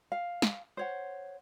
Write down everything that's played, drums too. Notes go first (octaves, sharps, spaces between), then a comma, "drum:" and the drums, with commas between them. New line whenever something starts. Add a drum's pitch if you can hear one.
F5
drum: snare
C5 C#5 F#5